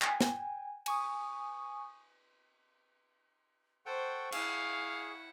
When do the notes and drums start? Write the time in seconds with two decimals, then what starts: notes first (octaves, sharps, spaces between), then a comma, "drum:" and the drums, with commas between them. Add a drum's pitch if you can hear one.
0.02 G5 G#5, drum: clap
0.21 drum: snare
0.86 G#5 C#6 D#6, drum: cymbal
3.86 A4 C5 F#5 G5 C#6
4.32 E4 G#4 F5 F#5, drum: cymbal